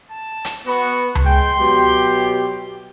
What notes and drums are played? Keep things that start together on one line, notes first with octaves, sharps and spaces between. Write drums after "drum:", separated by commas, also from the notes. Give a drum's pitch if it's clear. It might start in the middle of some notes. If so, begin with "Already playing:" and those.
A5
drum: hi-hat
B3 F#4
drum: tom C#2
G#3 G5 C6
B2 F#3 G4